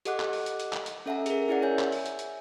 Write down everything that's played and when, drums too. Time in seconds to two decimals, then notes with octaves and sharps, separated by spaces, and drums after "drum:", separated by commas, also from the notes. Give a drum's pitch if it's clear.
0.05 G4 A4 D#5 F#5 D6 F#6, drum: hi-hat
0.20 drum: clap
0.33 drum: open hi-hat
0.46 drum: hi-hat
0.60 drum: hi-hat
0.73 drum: clap
0.86 drum: hi-hat
1.06 C#4 A4 E5 F#5 G#5 A#5
1.26 G#4 A#4, drum: hi-hat
1.48 C#4 E4 G#4 A#4 D5 F#5
1.62 C#5 E5 G#5 G6
1.79 drum: clap
1.92 drum: open hi-hat
2.06 drum: hi-hat
2.19 drum: hi-hat